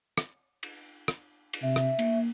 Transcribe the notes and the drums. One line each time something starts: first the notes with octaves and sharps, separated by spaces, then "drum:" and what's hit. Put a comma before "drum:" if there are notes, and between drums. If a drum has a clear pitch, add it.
drum: rim click
drum: cymbal
drum: rim click
drum: cymbal
C3 E5
drum: rim click
A#3, drum: cymbal